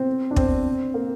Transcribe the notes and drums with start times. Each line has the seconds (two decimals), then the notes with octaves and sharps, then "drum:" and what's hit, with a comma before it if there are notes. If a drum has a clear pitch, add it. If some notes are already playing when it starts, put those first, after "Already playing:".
Already playing: C4
0.31 D4
0.36 C4, drum: kick
0.94 A#3